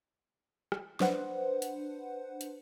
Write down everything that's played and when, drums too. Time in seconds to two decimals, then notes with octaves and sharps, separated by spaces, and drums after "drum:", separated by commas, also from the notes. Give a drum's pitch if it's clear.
0.72 drum: rim click
1.00 D4 B4 C5 F#5, drum: snare
1.62 drum: hi-hat
2.41 drum: hi-hat